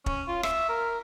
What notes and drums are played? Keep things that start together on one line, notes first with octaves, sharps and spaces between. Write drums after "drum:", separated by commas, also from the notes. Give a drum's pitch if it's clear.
C#4, drum: kick
F4
E5, drum: rim click
A#4